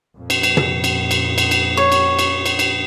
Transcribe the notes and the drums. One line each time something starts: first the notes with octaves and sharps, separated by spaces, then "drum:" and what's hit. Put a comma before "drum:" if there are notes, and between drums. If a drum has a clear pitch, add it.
F2 A#2
drum: cymbal
drum: cymbal
drum: tom
drum: cymbal
drum: cymbal
drum: cymbal
drum: cymbal
C#5
drum: cymbal
drum: cymbal
drum: cymbal
drum: cymbal